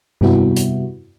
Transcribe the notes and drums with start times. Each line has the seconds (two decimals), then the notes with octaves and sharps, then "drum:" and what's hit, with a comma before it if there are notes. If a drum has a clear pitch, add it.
0.21 C3 G3 B3 E4 F#4, drum: tom G2
0.56 drum: hi-hat